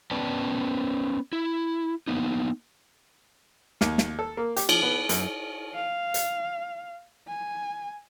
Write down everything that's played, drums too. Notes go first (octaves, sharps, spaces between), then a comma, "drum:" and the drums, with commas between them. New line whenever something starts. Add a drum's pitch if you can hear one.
B3 C#4 B4 D5 G5 A5
E4
A#3 B3 D#4
D#2, drum: snare
drum: snare
A4
A#3
G4, drum: hi-hat
F3, drum: cymbal
B3
F#2, drum: hi-hat
F5
drum: hi-hat
G#5